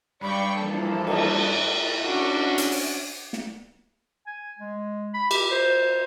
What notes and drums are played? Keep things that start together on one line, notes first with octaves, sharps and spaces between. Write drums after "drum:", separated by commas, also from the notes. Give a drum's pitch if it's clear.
G2 D5 G5 B5 C#6
E3 F3 A#3 A4 A5
drum: cymbal
C#4 D4 F#4
drum: hi-hat
drum: open hi-hat
drum: snare
G#5
G#3
B5
G4, drum: cymbal
C5